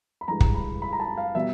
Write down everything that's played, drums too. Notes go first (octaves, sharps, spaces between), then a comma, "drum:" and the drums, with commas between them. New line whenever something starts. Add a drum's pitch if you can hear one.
B5
G2 E3 G#3 A#5
drum: kick
B5
B5
A#5
A5
F5
B2 G3 E5